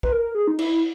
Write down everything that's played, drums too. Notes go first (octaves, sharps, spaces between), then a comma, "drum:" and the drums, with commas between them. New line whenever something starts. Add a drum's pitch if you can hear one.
B4, drum: kick
A#4
G#4
D#4
E4, drum: cymbal